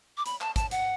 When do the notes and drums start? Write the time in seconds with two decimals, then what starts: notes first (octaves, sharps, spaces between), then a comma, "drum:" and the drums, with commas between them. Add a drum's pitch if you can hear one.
0.17 D6
0.26 B5, drum: hi-hat
0.41 A5, drum: clap
0.56 A5, drum: kick, hi-hat
0.71 F#5, drum: hi-hat